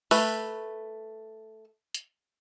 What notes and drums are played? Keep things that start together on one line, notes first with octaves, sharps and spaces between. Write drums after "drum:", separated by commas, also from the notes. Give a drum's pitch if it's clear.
A3 B4, drum: open hi-hat
drum: hi-hat